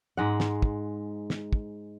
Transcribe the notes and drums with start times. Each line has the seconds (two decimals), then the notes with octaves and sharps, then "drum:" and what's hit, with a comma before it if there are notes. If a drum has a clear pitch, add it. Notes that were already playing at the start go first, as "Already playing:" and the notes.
0.17 G#2 G#3 F#5
0.40 drum: snare
0.62 drum: kick
1.30 drum: snare
1.53 drum: kick